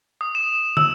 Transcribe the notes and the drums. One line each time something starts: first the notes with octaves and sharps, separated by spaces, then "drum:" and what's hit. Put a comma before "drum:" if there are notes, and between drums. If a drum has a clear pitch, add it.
D#6
E7
E6, drum: tom